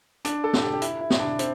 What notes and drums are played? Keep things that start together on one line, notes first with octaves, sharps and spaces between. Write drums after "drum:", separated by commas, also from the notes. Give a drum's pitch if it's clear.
D4, drum: hi-hat
A4
drum: snare
G4
G4
E4, drum: hi-hat
E4
drum: snare
D4
C4, drum: hi-hat